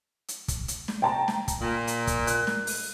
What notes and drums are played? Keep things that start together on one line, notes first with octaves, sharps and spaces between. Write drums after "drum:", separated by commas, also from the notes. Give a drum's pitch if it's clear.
drum: hi-hat
drum: kick, hi-hat
drum: hi-hat
drum: snare
G5 A5 A#5
drum: snare
drum: kick, hi-hat
A#2
drum: hi-hat
drum: kick, hi-hat
F#6, drum: hi-hat
drum: snare
drum: open hi-hat